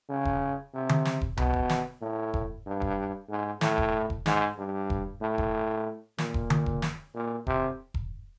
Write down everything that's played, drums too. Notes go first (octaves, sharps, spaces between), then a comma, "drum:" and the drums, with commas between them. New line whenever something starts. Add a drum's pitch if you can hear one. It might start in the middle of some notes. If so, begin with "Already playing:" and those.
C#3
drum: kick E1
C3
drum: tom D3
drum: snare
drum: kick E1
B2, drum: tom C2
drum: kick E1
drum: snare
A2
drum: kick E1
G2
drum: kick E1
G#2
A2, drum: snare
drum: kick E1
drum: kick E1
G#2, drum: snare
G2
drum: kick E1
A2
drum: kick E1
A#2, drum: snare
drum: kick E1
drum: tom D3
drum: kick E1
drum: snare
A#2
C3, drum: kick E1
drum: kick E1